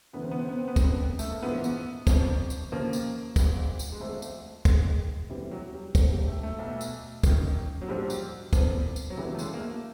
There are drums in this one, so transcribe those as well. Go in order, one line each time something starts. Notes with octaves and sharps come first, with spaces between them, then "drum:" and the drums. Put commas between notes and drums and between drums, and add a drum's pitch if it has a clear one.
E1 D2 C#3 E3 B3
C4
B3
C4
B3
C4
B3
F1 F2 C#3 C4, drum: kick, tambourine
B3
A3, drum: tambourine
A#3
A#1 G#2 E3 B3
drum: tambourine
G1 F2 C3 F3, drum: kick, tambourine
drum: tambourine
D#2 C#3 F3 A#3
drum: tambourine
G#1 G#2 F3, drum: kick, tambourine
drum: tambourine
G#3
G#1 G#2 F3 A3
drum: tambourine
D#2 D#3 G#3, drum: kick, tambourine
F1 E2 C3 E3 G3
F#3
G3
G#1 G#2 F3 F#3, drum: kick, tambourine
G3
A3
A3
B1 B2
drum: tambourine
G1 F#2 D#3, drum: kick, tambourine
F#3
A#1 G#2 F3 G3
drum: tambourine
F1 E2 C3 F3, drum: kick, tambourine
drum: tambourine
F#3
G#1 F#2 C#3 E3 G3
A3
G#3, drum: tambourine
A#3
A3